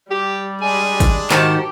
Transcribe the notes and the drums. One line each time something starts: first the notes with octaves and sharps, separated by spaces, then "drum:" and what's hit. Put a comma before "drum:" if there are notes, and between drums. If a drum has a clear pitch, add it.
G3 G4
G#3 D4 G#5
drum: kick, hi-hat
G#2 D#3 F#4 G4 A5, drum: clap